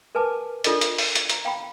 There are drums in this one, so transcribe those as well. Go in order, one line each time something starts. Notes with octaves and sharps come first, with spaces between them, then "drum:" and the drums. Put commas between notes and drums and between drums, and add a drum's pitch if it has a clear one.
A#4 B4 G#5 A5 D6
D4 F4 A4 A#4 D5 D#5, drum: hi-hat
drum: hi-hat
drum: open hi-hat
drum: hi-hat
A#5, drum: hi-hat
F5 G5 A#5 B5